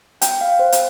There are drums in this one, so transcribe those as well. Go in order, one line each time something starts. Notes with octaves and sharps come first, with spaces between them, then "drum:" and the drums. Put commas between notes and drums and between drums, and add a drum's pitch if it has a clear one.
G5, drum: hi-hat
F5
C5
drum: hi-hat